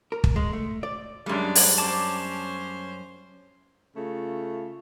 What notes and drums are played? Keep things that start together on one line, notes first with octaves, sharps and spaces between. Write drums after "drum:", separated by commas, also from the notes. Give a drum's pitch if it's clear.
A#4
drum: kick
G#3
A3
D5
F#2 G3 G#3 D4
drum: open hi-hat
C#4 C5 A5 D6
C#3 A3 F4